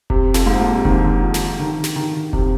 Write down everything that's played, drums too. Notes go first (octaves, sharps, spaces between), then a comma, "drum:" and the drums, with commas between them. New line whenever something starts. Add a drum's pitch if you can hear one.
C3, drum: kick F1
F2, drum: snare
G#2
A#2
C3
D#3, drum: kick F1
F3
drum: snare
D#3
drum: snare
D#3
C3, drum: kick F1